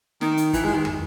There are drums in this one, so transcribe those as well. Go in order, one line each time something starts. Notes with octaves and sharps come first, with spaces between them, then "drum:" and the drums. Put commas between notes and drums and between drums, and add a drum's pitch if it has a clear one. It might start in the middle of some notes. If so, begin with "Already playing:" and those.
D#3, drum: snare
drum: hi-hat
E3, drum: kick, hi-hat
G#3
D#3
drum: tom